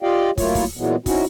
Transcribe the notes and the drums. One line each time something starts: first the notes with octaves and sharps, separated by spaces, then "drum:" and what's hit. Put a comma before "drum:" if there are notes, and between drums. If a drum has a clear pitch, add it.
F4 G4 D5 D#5 F5 G5
F#3 A3 A#3 E4 F4 C#5, drum: kick, open hi-hat
drum: kick, open hi-hat
A#2 E3 F#3 G#3 B3
C4 C#4 D#4 E4 F#4, drum: kick, open hi-hat